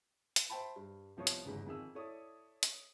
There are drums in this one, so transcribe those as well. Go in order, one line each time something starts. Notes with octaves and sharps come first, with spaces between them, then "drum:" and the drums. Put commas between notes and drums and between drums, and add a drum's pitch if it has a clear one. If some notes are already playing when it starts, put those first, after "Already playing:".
drum: hi-hat
C5 E5 G5 A5 B5
G2
C2 F3 B3 C#5 D#6
drum: hi-hat
G1 E2 G#2 C#3
F2 D#3 G#4 E6
E4 A4 C#5 D5 D#6
drum: hi-hat